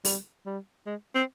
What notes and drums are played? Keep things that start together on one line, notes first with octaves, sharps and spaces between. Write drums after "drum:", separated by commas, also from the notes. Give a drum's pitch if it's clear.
G3, drum: open hi-hat
G3
G#3
C4